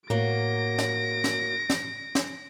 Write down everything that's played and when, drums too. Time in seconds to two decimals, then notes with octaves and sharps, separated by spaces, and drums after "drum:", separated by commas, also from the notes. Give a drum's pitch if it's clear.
0.10 A2 F#3 A#3 A#6 D7
0.78 drum: snare
1.24 drum: snare
1.70 drum: snare
2.15 drum: snare